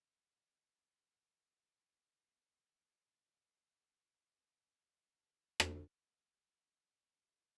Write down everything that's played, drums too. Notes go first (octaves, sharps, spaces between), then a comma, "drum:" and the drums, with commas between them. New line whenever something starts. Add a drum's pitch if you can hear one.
G3
G#2 B2
B2 B3
F#3
A2 C3
G2 B2 F3 G3
A3
A5
drum: rim click